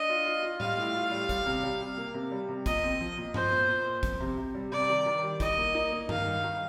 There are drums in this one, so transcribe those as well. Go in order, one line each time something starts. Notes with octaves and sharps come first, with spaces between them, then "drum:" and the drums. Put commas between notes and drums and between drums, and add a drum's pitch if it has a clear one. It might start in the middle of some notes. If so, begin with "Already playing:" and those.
Already playing: D4 D#5
F4
F4
F4
G3 F5, drum: tom A2
A2
F4
G3
G3, drum: kick, hi-hat
C3
G3
C3
A#3
C3
G3
C3
A#2 D#5, drum: kick, hi-hat
C4
F3
A#2
F3 C5, drum: tom G2
A#2
A#2
A#2
F2, drum: kick, hi-hat
C3
C3
G3
C3 D5
D#3
D#3
G3
D#4 D#5, drum: kick, hi-hat
A#3
D#4
A#3
D#3 F5, drum: tom G2
G2
D#3